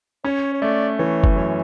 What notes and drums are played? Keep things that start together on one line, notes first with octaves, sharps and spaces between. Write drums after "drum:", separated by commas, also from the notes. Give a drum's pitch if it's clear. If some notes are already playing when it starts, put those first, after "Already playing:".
C#4 C#5
C#5
A3 D5
E3 C#5
drum: kick F#1
F#2 C#5